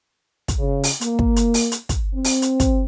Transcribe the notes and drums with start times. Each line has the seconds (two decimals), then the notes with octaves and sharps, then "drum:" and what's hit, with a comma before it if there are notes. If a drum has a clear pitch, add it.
0.48 drum: kick, hi-hat
0.59 C#3
0.84 drum: open hi-hat
1.01 A#3, drum: hi-hat
1.19 drum: kick
1.36 drum: hi-hat
1.54 drum: open hi-hat
1.72 drum: hi-hat
1.89 drum: kick, hi-hat
2.15 C4
2.24 drum: open hi-hat
2.42 drum: hi-hat
2.60 drum: kick, hi-hat